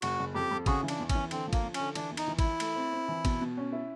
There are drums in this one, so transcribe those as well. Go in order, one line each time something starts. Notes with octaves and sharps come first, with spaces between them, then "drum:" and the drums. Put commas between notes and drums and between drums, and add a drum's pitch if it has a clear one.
F#1 F#4, drum: cymbal
F#1
F2 G4
F2
C#3 F#4 G#4, drum: kick G#1, cymbal
E3
D4, drum: cymbal
E2
C#4, drum: kick G#1, cymbal
E3
D3 C4, drum: cymbal
F3
A#3, drum: kick G#1, cymbal
F3
C#4, drum: cymbal
D3
E3 D4, drum: cymbal
E2
D#4, drum: cymbal
E3
E4, drum: kick G#1, cymbal
E3
A3, drum: cymbal
C4
C4
E3
B2, drum: kick G#1, cymbal
B2
C#4
E4